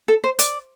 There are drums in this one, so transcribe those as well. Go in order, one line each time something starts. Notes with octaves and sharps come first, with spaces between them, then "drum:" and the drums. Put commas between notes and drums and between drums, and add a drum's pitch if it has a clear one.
A4
C5
D5, drum: hi-hat